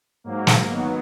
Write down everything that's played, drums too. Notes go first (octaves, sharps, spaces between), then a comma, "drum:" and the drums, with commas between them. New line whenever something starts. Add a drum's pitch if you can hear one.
G#2 F#3 A#3
drum: snare
D#3 F#3 B3